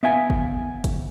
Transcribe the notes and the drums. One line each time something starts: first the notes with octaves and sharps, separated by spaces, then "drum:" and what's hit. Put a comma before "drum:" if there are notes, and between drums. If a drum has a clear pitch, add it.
B3 E5 F5 G#5
drum: kick G1
drum: kick G1, hi-hat